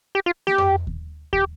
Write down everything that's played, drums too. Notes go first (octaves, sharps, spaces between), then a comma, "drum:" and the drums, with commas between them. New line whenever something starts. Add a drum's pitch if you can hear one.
G4
F4
G4, drum: snare A#3
drum: tom F2
drum: kick D#2
G4, drum: kick D#2